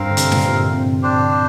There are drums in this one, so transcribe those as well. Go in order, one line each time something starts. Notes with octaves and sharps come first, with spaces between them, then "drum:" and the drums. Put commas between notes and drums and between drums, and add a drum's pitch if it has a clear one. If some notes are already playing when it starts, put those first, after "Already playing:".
Already playing: G2 C4 A#4 F5
D3
C3, drum: hi-hat
A#2, drum: snare
C3
C4
D4 G4 C5